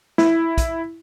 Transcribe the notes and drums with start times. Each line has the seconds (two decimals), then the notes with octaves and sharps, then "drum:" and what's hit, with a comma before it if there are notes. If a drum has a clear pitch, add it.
0.18 E4, drum: snare
0.58 drum: kick, hi-hat